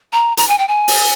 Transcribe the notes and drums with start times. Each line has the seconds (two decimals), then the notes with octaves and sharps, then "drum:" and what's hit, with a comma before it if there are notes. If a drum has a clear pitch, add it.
0.13 A#5
0.37 A#5, drum: hi-hat
0.48 G#5
0.58 G5
0.68 G#5
0.88 drum: open hi-hat